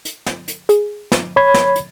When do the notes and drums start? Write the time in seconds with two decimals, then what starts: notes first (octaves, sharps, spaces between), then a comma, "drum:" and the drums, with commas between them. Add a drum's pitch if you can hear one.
0.05 drum: hi-hat
0.26 drum: snare
0.48 drum: hi-hat
0.69 G#4, drum: hi-hat
1.12 drum: snare
1.36 C#5 B5 G#6
1.54 drum: snare
1.76 drum: hi-hat